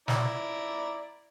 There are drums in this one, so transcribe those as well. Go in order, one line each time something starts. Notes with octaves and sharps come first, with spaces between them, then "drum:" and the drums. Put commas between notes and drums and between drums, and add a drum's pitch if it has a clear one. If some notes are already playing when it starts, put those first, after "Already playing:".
E4 D5 A#5, drum: snare